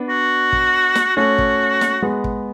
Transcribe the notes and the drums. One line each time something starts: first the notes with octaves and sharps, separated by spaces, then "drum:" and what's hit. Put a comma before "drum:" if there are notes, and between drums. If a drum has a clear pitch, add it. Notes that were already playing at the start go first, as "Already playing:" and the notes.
Already playing: B3 D4
F#4
drum: kick
drum: snare
A3 C#4 F#4
drum: kick
drum: snare
G#3 B3
drum: kick